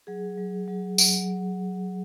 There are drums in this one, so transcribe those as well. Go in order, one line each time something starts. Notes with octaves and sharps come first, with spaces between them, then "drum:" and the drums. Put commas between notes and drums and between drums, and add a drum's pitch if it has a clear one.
F#3 G#4
F#3
F#3
F#3, drum: tambourine